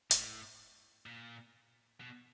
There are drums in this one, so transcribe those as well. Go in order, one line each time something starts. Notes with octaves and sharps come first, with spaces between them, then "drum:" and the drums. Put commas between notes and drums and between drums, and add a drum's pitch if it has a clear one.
A2, drum: hi-hat
A#2
B2